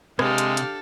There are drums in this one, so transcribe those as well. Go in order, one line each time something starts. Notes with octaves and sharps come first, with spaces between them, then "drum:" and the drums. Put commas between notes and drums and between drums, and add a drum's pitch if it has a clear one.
C3 G#3 D4 G4 A4 F5, drum: rim click
drum: hi-hat
drum: hi-hat